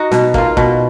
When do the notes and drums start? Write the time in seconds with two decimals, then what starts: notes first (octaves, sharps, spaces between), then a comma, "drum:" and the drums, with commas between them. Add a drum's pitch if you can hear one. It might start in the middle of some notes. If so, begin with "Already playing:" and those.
Already playing: D#4 F#4
0.12 B2, drum: snare
0.34 A#3 F4, drum: kick
0.57 B2, drum: kick